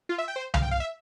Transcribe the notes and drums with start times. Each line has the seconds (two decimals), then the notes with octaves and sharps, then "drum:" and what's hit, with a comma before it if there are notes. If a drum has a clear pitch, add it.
0.09 F4
0.18 E5
0.28 G5
0.36 C5
0.54 F5, drum: tom C2
0.62 G5
0.71 F5
0.80 E5